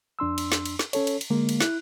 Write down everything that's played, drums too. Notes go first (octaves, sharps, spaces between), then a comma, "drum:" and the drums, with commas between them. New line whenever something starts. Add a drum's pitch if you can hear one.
F2 D4 C6 E6
drum: cymbal
drum: snare
drum: cymbal
drum: snare
C#4 A4 C#5, drum: cymbal
drum: cymbal
drum: cymbal
D3 G#3 A#3
drum: cymbal
E4 F#6, drum: snare